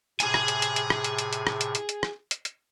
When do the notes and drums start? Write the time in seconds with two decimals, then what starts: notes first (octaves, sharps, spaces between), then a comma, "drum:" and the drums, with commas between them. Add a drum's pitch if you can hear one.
0.20 A2 C3 G#4 G#5, drum: hi-hat
0.34 drum: rim click
0.48 drum: hi-hat
0.62 drum: hi-hat
0.76 drum: hi-hat
0.90 drum: rim click
1.04 drum: hi-hat
1.19 drum: hi-hat
1.33 drum: hi-hat
1.47 drum: rim click
1.61 drum: hi-hat
1.75 drum: hi-hat
1.89 drum: hi-hat
2.03 drum: rim click
2.31 drum: hi-hat
2.45 drum: hi-hat